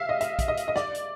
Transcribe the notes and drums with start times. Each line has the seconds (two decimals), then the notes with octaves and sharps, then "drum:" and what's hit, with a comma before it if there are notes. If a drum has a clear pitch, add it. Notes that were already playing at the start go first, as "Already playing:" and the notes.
Already playing: E5 F5
0.09 D#5
0.21 E5, drum: hi-hat
0.39 drum: kick, hi-hat
0.48 D#5
0.57 drum: hi-hat
0.68 D#5
0.76 D5, drum: snare
0.95 drum: hi-hat